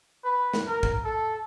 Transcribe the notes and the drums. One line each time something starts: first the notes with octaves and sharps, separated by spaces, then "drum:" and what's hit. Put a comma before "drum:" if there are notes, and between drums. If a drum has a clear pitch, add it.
B4
drum: snare
A#4
drum: kick
A4